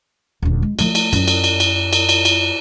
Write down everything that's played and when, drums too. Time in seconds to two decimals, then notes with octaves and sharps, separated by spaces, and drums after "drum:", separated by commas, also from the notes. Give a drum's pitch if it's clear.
0.42 D#1 D2
0.62 G#3
0.79 F3 A3, drum: cymbal
0.95 drum: cymbal
1.13 F#2, drum: cymbal
1.28 drum: cymbal
1.44 drum: cymbal
1.60 drum: cymbal
1.93 drum: cymbal
2.09 drum: cymbal
2.25 drum: cymbal